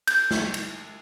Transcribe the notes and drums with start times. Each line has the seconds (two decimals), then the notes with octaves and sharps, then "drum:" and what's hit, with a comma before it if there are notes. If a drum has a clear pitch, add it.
0.07 G6, drum: cymbal
0.31 drum: snare
0.54 drum: cymbal